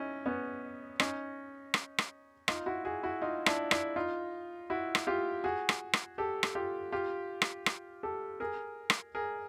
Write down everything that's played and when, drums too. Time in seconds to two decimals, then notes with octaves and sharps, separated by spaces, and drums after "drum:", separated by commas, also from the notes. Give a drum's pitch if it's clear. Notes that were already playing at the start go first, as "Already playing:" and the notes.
Already playing: C#4 D#4 E4
0.26 B3 C#4
1.00 C#4 D#4, drum: rim click
1.74 drum: rim click
1.98 drum: rim click
2.48 D#4 F4, drum: rim click
2.66 E4 F#4
2.85 F#4 G#4
3.03 E4 F#4
3.22 D#4 F4
3.46 D4 E4, drum: rim click
3.71 D4 E4, drum: rim click
3.96 D#4 F4
4.70 E4 F#4
4.95 drum: rim click
5.07 F4 G4
5.44 F#4 G#4
5.69 drum: rim click
5.93 drum: rim click
6.18 G4 A4
6.43 drum: rim click
6.55 F4 G4
6.92 F4 G4
7.42 drum: rim click
7.66 drum: rim click
8.03 G4 A4
8.40 G#4 A#4
8.90 drum: rim click
9.15 G#4 A#4